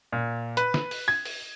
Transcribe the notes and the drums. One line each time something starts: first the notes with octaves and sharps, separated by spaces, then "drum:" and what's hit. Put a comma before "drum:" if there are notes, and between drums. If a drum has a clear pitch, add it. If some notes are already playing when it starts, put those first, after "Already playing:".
A#2
B4, drum: hi-hat
drum: snare
drum: open hi-hat
G#6
drum: open hi-hat